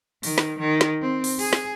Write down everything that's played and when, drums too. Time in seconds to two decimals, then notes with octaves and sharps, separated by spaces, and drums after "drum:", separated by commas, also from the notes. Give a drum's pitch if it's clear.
0.23 D#3, drum: open hi-hat
0.38 drum: snare
0.59 D#3
0.81 drum: snare
1.02 C4
1.24 drum: open hi-hat
1.39 G#4, drum: open hi-hat
1.53 drum: snare